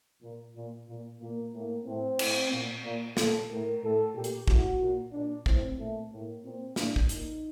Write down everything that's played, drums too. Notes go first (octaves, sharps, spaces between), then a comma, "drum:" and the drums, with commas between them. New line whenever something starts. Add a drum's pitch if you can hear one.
A#2
A#2
A#2
A#2 A#3
A2 A#3
A2 C4
A2, drum: cymbal
A#2
A#2
A#2 A4, drum: snare
A2 A#4
A2 A4
A#2 G4
drum: hi-hat
A2 F#4, drum: kick
A#2
A#2 D4
A2 C4, drum: kick
A#2 A3
A2 A#3
A#2 C4
A2 D4, drum: snare
drum: kick
A#2 D#4, drum: hi-hat